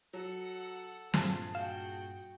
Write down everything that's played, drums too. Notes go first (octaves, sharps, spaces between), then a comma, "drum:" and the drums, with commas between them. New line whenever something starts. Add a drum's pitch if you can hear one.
F#3 A4 F#5
G2 A#2 F4 G#4 A5, drum: snare
F#4 F5 G5 E7